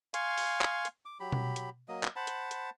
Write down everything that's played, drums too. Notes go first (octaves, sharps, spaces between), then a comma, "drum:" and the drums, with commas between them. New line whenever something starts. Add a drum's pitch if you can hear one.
F5 G#5 C6 C#6, drum: hi-hat
drum: open hi-hat
drum: clap
drum: hi-hat
D6
F#3 G4 B5
drum: tom B2
drum: hi-hat
F#3 A#3 D#5
drum: clap
C5 F#5 A5 B5
drum: hi-hat
drum: hi-hat